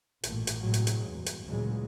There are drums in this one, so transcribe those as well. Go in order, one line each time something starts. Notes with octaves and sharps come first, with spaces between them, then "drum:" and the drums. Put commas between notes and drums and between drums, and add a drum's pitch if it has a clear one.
A1 G2 A#2 A3, drum: hi-hat
drum: hi-hat
A2 C3 F#3 G#3
drum: hi-hat
drum: hi-hat
E2 G2
drum: hi-hat
D2 A#2 C#3 E3 F#3 G#3